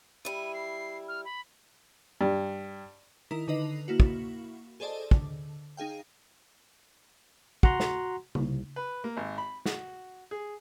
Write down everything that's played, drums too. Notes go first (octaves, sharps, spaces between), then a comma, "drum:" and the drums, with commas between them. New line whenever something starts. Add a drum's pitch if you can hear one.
G3 E4 D#7
C7
F6
B5
G2
D#3 E4 A#4 D#6
D3 D#4 B4 D#5 C7 F7
A#3 E4 F#4
drum: kick
G#4 A4 C5 D5 D#5 A5
D3, drum: kick
D#4 G#4 F5 G5
F#4 F#5 A#5 C6, drum: kick
drum: snare
C2, drum: tom C#3
B4
A#3
G#1
B5
F#4, drum: snare
G#4